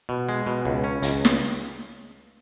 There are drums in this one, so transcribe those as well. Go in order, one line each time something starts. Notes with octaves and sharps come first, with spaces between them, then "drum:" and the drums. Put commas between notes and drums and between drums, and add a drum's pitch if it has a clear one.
B2
G#3
B2
C#2
C#4
C#2, drum: hi-hat
drum: snare